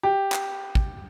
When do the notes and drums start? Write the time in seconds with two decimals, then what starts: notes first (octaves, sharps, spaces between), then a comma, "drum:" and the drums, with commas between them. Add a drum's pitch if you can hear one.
0.03 G4
0.32 drum: clap
0.75 drum: kick